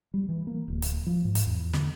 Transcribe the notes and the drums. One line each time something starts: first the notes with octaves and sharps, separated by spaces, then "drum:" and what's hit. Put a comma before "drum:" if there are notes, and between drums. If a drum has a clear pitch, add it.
G3
E3
A#3
D1
drum: hi-hat
F3
G#2
drum: hi-hat
E2
D3, drum: snare